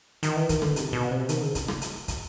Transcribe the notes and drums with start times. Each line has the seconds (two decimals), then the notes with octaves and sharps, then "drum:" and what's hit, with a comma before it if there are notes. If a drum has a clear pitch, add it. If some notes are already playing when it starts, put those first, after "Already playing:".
0.23 D#3, drum: hi-hat
0.36 E3
0.49 D#3, drum: kick, hi-hat
0.62 D3, drum: rim click
0.76 C3, drum: hi-hat
0.93 B2
1.11 C3
1.29 D#3, drum: hi-hat
1.42 C#3
1.55 drum: kick, hi-hat
1.68 drum: rim click
1.82 drum: hi-hat
2.08 drum: kick, hi-hat